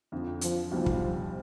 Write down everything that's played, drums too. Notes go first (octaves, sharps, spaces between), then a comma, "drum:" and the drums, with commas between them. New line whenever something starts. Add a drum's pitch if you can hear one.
F2 D3 F3
F3, drum: hi-hat
B1 B2 F3 G3
drum: kick